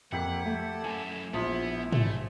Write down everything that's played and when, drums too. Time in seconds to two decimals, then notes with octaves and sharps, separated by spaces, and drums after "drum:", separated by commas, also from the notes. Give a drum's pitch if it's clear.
0.12 F2 A#3 E4 G4 F#5
0.46 A3 A4
0.84 F#2 E4 G#5
1.33 A#1 F3 B3 E4
1.92 A3, drum: tom